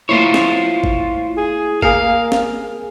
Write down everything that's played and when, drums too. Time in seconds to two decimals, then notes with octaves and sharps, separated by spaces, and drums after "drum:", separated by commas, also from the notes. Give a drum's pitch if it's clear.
0.09 A3 A#3 E4 F4 C5 C#5
0.34 drum: snare
0.84 drum: kick G1
1.37 G#4
1.82 A#3 G#4 A#4 F5, drum: kick G1
2.32 drum: snare